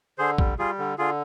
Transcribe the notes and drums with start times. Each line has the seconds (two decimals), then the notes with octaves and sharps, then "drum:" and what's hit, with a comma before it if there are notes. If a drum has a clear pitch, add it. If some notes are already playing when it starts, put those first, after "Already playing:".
0.18 D3 G#4 C5
0.38 G3, drum: kick
0.59 G3 F4 G#4
0.79 D3
0.98 D3 F4 G#4